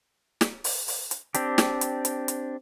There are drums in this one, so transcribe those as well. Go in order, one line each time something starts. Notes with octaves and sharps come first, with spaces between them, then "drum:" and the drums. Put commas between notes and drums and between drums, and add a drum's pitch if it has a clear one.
drum: snare
drum: open hi-hat
drum: open hi-hat
drum: hi-hat
C4 D4 G4, drum: hi-hat
drum: snare
drum: hi-hat
drum: hi-hat
drum: hi-hat